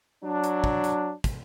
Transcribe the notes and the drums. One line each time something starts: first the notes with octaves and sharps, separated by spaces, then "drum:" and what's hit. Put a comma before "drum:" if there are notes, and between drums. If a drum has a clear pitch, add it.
F#3 D4
drum: hi-hat
drum: kick
drum: hi-hat
drum: kick, hi-hat